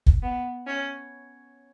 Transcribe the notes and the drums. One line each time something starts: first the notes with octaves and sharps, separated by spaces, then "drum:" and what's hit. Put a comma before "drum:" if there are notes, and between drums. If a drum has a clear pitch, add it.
drum: kick
B3
C#4